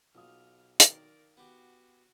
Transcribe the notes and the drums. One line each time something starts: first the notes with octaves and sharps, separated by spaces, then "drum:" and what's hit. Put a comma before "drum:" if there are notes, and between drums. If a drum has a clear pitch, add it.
B1 F4 D#6 F6
D#3 A#4 D5, drum: hi-hat
B3 F#4 G4